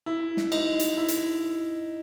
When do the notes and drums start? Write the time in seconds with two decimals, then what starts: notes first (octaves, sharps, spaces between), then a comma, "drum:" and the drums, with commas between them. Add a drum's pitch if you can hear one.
0.06 E4
0.37 drum: snare
0.52 D#4, drum: cymbal
0.79 drum: hi-hat
0.97 E4
1.08 drum: hi-hat